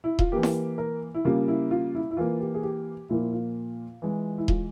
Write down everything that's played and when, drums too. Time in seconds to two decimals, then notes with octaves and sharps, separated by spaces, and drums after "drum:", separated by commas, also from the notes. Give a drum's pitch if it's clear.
0.04 E4
0.19 F4, drum: kick D#1
0.32 E3 A#3 G4
0.43 drum: snare E4
0.78 A#4
1.14 E4
1.25 C#3 G3 A#3 F4
1.48 E4
1.71 F4
1.95 E4
2.11 E4
2.17 E3 A#3 F4
2.40 G4
2.54 G#4
2.63 G4
3.09 A#2 F3 A#3 E4
3.33 F4
4.02 E3 G#3
4.38 E4
4.48 F4, drum: kick D#1